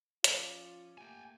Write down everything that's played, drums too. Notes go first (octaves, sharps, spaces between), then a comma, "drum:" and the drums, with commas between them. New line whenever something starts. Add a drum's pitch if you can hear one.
F3 C#4 F4 D5, drum: hi-hat
A3 A#3 G4 G5 G#5